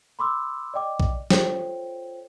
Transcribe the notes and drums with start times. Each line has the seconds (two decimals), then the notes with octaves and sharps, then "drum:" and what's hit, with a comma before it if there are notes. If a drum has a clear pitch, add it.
0.19 B5 C6 D6 E6
0.74 D5 D#5 G5 D6
1.00 drum: kick
1.31 F4 A4 C5 C#5 G5, drum: snare